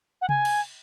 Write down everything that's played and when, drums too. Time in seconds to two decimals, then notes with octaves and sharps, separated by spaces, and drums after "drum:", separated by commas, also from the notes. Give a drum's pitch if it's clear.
0.22 F#5
0.29 G#5, drum: tom C3
0.45 drum: cymbal